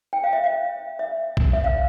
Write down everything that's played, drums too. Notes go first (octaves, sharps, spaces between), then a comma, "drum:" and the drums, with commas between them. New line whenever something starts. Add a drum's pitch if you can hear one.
G5
F5
E5
F5
E5
drum: kick A#1
E5
F5